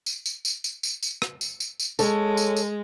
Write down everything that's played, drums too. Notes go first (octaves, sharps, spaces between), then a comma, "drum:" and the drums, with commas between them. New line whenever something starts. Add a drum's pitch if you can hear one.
drum: tambourine
drum: tambourine
drum: tambourine
drum: tambourine
drum: tambourine
drum: tambourine
drum: rim click
drum: tambourine
drum: tambourine
drum: tambourine
G#3 A4 C#5, drum: tambourine
drum: tambourine
drum: tambourine